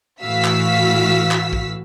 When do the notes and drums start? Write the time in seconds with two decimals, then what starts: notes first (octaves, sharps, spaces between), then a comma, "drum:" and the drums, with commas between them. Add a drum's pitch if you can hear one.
0.23 A2 E3 F#4 F5 E6 B6
0.45 drum: clap
1.31 drum: clap
1.53 drum: kick